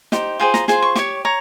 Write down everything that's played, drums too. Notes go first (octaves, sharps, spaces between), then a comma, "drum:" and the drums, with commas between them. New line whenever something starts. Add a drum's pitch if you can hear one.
D#4 G4 C5, drum: snare
F4 G#4 C5 G5
A#5, drum: snare
F4 G#4 C5 C6, drum: snare
C#6
G4 C#5 C#6, drum: snare
C#5 A#5